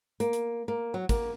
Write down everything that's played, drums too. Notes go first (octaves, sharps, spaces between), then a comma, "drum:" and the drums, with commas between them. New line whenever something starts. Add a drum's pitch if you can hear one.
A#3, drum: hi-hat
drum: hi-hat
A#3
F#3
A#3, drum: kick, hi-hat